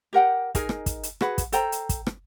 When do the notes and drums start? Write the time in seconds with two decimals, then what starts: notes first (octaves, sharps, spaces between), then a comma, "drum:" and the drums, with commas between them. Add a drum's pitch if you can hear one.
0.13 G4 A#4 F#5 G5
0.55 D#4 G#4 A#4 G#5, drum: kick, hi-hat
0.69 drum: rim click
0.86 drum: kick, hi-hat
1.03 drum: hi-hat
1.21 F#4 G#4 B4 F#5, drum: rim click
1.38 drum: kick, hi-hat
1.52 A4 C5 G5 A#5, drum: hi-hat
1.72 drum: hi-hat
1.89 drum: kick, hi-hat
2.07 drum: rim click